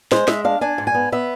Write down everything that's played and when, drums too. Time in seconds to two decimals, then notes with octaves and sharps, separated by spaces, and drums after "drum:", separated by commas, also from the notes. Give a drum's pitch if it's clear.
0.12 G#3 C5, drum: snare
0.28 G#3 E5, drum: snare
0.44 D4 F5
0.61 D4 G#5
0.78 G#2
0.87 G#5
0.94 B3
1.12 B3 E5